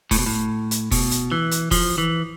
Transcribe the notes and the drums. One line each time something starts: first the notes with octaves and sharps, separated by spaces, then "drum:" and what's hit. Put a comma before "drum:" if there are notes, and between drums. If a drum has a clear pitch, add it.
A2, drum: kick F1, open hi-hat
B2
A2
drum: hi-hat
B2, drum: kick F1, open hi-hat
drum: hi-hat
E3
drum: hi-hat
F3, drum: kick F1, open hi-hat
E3